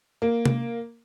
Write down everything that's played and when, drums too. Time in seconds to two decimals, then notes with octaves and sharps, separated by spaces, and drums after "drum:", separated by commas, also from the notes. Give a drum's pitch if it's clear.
0.22 A#3
0.45 drum: tom C3